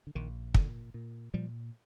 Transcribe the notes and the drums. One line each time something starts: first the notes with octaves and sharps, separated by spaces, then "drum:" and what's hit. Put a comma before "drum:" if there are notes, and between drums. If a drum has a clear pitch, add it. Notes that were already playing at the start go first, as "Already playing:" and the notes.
D3
A#1 D#3
A#2 D3, drum: kick
A#2
A#2 F3 G3